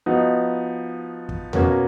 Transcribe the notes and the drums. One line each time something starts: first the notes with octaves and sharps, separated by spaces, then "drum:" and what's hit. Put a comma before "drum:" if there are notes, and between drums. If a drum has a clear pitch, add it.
F3 B3 D#4 F#4
drum: kick
B2 A#3 C#4 F#4 A#4, drum: tom E2